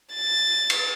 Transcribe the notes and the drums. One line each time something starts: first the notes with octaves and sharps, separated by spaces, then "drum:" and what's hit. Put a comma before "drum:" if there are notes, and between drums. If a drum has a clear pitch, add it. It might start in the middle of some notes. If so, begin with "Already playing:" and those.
A6
drum: cymbal